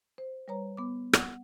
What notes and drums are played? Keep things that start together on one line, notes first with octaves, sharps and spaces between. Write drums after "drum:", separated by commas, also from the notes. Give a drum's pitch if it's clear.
C5
G3 B4 C#5 A#5
B3 D6
F#5, drum: rim click